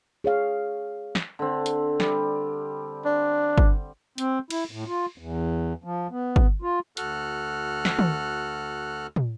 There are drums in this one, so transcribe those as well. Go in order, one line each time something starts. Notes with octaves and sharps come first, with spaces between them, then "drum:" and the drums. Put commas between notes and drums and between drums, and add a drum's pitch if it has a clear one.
G#4 C#5 F5
drum: snare
D3 C4
drum: hi-hat
G3 G4, drum: snare
D4
drum: kick G1
C4, drum: hi-hat
E4, drum: cymbal
A2
F4
E2
F3
B3
drum: kick G1
F4
D2 F#4 A4 F6 F#6, drum: hi-hat
drum: snare
drum: tom
drum: tom